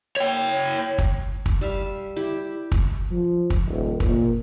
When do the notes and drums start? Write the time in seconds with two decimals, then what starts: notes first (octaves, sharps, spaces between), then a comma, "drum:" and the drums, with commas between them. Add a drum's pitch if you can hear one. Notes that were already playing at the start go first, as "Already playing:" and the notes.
0.17 C#5 G5
0.98 drum: kick
1.46 drum: kick
1.61 G3 E5 F5
2.16 E4 G4
2.72 drum: kick
3.11 F3
3.50 drum: kick
3.68 D#1
4.00 A#2, drum: kick